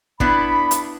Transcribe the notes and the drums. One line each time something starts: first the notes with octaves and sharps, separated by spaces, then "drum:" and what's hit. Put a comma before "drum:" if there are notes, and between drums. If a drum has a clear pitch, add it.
B3 D4 E4 B5, drum: kick
drum: hi-hat